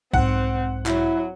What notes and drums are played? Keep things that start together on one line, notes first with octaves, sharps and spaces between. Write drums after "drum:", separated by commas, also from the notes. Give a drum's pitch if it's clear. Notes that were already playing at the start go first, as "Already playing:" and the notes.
B1 G#2 C4 F#5, drum: kick
F#3 E4, drum: clap